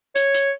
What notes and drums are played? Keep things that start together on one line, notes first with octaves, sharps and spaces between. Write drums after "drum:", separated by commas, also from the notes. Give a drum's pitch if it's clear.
C#5, drum: hi-hat
drum: hi-hat